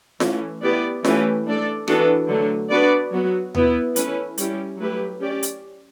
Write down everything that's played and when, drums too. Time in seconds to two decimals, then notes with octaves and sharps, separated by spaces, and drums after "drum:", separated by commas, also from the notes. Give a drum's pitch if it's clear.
0.20 E3 A3 C#4, drum: snare F4
0.62 B3 E4 G4 B4 D5
1.04 E3 A3 C#4 G4 B4, drum: snare F4
1.46 A3 D4 A4 D5
1.88 E3 B3 D4 F#4 A4, drum: rim click
2.29 D3 F#3 A3
2.70 B3 D4 F#4 B4 D5
3.12 F#3 B3 F#4
3.55 B3 E4 B4, drum: tom D#2
3.96 E3 A3 C#4 E4 B4, drum: hi-hat
4.38 G3 C#4 E4 G4, drum: hi-hat
4.78 F#3 A3 E4 G4 B4
5.20 C#4 G4 D5
5.43 drum: hi-hat